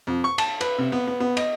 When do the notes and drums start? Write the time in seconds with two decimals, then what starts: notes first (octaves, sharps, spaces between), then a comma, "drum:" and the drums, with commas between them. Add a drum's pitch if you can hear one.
0.07 F2
0.24 C#6
0.38 A5, drum: cymbal
0.61 B4, drum: cymbal
0.78 C3
0.92 B3
1.07 B3
1.20 B3
1.37 D#5, drum: cymbal